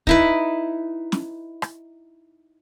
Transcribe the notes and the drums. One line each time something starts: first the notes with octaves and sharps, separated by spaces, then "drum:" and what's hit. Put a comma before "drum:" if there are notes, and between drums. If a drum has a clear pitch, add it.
D#4 E4 B4, drum: kick
drum: snare
drum: rim click